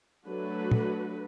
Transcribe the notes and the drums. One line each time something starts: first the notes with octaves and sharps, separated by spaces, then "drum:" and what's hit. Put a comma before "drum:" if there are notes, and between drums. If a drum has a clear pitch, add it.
F#3 A3 D4 F#4 B4
drum: tom